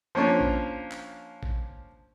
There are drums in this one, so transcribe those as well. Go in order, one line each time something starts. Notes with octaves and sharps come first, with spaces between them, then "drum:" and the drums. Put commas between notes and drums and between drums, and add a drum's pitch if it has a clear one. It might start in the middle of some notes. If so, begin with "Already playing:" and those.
F3 A#3 C#4 D4
drum: kick A1
drum: clap
drum: kick A1